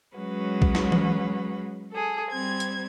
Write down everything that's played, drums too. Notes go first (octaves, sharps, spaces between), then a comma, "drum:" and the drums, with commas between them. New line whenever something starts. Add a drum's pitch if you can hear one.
F#3 G#3 C#4 F#4 B4
drum: kick
drum: snare
drum: tom E3
G#4 A4
G3 C4 G#6
drum: hi-hat